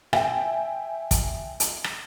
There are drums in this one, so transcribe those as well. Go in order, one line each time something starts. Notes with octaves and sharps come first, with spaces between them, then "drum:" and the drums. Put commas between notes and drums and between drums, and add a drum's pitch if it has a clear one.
E5 G5 G#5, drum: rim click
drum: kick, hi-hat
drum: hi-hat
drum: rim click